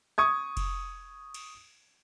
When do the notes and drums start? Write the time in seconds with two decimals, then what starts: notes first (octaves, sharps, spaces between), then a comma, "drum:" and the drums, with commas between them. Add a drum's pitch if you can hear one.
0.18 C#6 D#6 G#6
0.57 drum: kick F1, cymbal
1.34 drum: cymbal